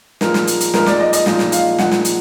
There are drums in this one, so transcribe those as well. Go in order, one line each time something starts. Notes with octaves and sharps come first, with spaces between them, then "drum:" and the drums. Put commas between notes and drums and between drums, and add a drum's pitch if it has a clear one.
A#2 F3 G#3 D#4 A#4, drum: snare
drum: snare
drum: hi-hat
drum: hi-hat
A#2 F3 G#3 D#4 A#4, drum: snare
D5, drum: snare
D#5
D#5, drum: hi-hat
A#2 F3 G#3 D#4 D#5, drum: snare
drum: snare
F5, drum: hi-hat
A#2 F3 G#3 D#4 F#5, drum: snare
drum: snare
drum: hi-hat